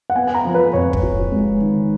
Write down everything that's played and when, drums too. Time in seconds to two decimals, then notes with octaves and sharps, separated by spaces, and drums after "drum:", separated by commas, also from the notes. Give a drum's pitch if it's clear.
0.10 F#5
0.15 B3 G#5
0.27 G#5
0.34 A#5
0.45 F3
0.54 B4
0.73 F2 C#5
0.93 drum: kick
1.03 F#4
1.32 G#3
1.61 D#3